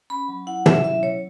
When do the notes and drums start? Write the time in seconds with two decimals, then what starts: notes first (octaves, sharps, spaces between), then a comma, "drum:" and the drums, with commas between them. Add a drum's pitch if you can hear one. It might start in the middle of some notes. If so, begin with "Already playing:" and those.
0.10 C#4 B5
0.28 F#3
0.47 E4 F#5
0.66 F#3 E5, drum: tom
0.84 E4 E5
1.03 F#3 C#5